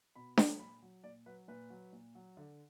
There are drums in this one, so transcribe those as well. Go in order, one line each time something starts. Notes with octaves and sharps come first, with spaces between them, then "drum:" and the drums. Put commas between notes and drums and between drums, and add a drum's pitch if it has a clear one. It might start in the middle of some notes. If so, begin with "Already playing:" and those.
B2 B5
F#3, drum: snare D4
A#2 B5
F#3
A#2 D5
F#3 B4
A#2 B4
F#3
A#2
F#3
D3